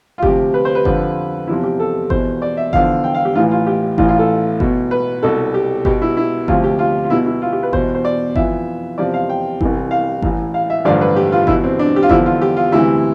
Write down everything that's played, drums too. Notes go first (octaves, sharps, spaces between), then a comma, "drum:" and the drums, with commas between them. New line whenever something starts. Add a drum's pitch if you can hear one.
F4
D2 C3 F3 G4, drum: kick G1
B4
C5
B4
F2 D3 F3, drum: kick G1
E2 C3 F3 E4
G4
A4
E2 B2 C5, drum: kick G1
D5
E5
E2 D3 F3 F5, drum: kick G1
G5
F5
G4
A1 A2 E3 F4
F4
G4
A1 A2 E3 F4, drum: kick G1
F4
A4
B1 B2, drum: kick G1
B4
C2 B2 A4
G4
B1 B2 G4, drum: kick G1
E4
E4
D2 C3 F3 F4, drum: kick G1
G4
F4
F4
B1 B2 E4
E4
F4
G4
B4
E2 B2 C5, drum: kick G1
C5
D5
F2 E3 E5, drum: kick G1
E2 C3 F3 D5
F5
G5
C2 C3 E3, drum: kick G1
F5
A1 A2 E3, drum: kick G1
F5
E5
A1 G2 D3 F3 D5
B4
G4
F4
E2 B2 E4, drum: kick G1
C4
D4
G4
F4
E2 D3 F3 E4, drum: kick G1
F4
G4
F4
D2 C3 E3 E4